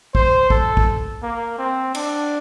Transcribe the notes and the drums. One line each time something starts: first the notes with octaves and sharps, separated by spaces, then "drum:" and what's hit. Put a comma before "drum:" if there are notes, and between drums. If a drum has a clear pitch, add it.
C5, drum: kick
A4, drum: kick
drum: kick
A#3
C4
D4, drum: cymbal